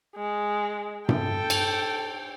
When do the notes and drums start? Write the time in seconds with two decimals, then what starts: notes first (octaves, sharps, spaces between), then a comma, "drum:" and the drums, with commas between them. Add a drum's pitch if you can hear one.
0.16 G#3
1.09 A4 G5, drum: tom G2
1.50 drum: cymbal